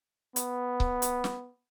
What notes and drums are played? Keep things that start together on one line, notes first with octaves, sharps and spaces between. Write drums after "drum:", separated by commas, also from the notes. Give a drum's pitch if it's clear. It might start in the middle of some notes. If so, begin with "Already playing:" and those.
B3, drum: hi-hat
drum: kick C#1
drum: hi-hat
drum: snare